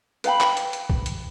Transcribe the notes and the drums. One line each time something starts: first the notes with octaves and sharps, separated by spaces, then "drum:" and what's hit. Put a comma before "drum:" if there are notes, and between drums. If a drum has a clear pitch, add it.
B4 F5 G5 B5, drum: hi-hat
drum: clap
drum: hi-hat
drum: hi-hat
drum: kick
drum: hi-hat